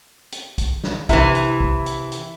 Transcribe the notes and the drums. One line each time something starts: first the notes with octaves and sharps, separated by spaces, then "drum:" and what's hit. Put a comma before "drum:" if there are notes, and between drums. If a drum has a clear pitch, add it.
drum: hi-hat
drum: kick B1, hi-hat
drum: snare
C3 E3 E4, drum: kick B1, hi-hat
drum: hi-hat
drum: kick B1
drum: hi-hat
drum: hi-hat